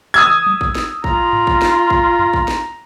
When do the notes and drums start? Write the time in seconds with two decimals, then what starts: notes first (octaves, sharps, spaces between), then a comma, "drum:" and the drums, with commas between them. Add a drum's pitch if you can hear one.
0.14 D#6 E6 G#6
0.46 drum: tom F#3
0.61 drum: kick
0.75 drum: snare
1.04 F4 A#5, drum: kick
1.33 drum: tom G2
1.47 drum: kick
1.62 drum: snare
1.90 drum: kick
2.19 drum: tom F2
2.33 drum: kick
2.48 drum: snare